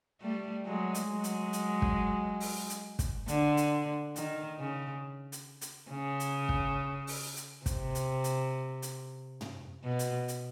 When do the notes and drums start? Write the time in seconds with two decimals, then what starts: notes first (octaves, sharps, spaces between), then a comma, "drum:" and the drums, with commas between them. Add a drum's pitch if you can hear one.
0.22 G3 A3
0.66 F#3 G#3
0.95 drum: hi-hat
1.09 F#3 G#3
1.24 drum: hi-hat
1.53 drum: hi-hat
1.82 drum: kick
2.40 drum: open hi-hat
2.70 drum: hi-hat
2.99 drum: kick, hi-hat
3.28 D3, drum: hi-hat
3.57 drum: hi-hat
4.16 D#3, drum: hi-hat
4.59 C#3
5.32 drum: hi-hat
5.61 drum: hi-hat
5.90 C#3
6.20 drum: hi-hat
6.49 drum: kick
7.07 drum: open hi-hat
7.36 drum: hi-hat
7.66 C3, drum: kick, hi-hat
7.95 drum: hi-hat
8.24 drum: hi-hat
8.82 drum: hi-hat
9.41 drum: tom
9.84 B2
9.99 drum: hi-hat
10.28 drum: hi-hat